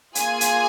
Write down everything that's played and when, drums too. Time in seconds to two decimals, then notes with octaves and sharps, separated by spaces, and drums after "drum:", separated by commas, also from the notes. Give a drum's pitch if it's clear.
0.15 A#3 F4 G#4 G#5, drum: hi-hat
0.41 drum: hi-hat